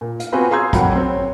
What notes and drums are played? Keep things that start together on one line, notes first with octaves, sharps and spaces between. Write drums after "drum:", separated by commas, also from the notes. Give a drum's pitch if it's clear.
A#2
F5, drum: hi-hat
B3 C4 F4 F#4 B4 G#5
G#4 F5 A#5 C6 E6 G#6
F2 A#2 F#3 F#5 G5 B5, drum: kick, hi-hat
C4 C#5